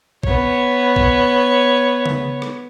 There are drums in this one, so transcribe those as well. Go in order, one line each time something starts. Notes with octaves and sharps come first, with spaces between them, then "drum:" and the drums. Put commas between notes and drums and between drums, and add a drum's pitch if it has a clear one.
B3 C#5, drum: kick
drum: kick
drum: tom C#3
drum: rim click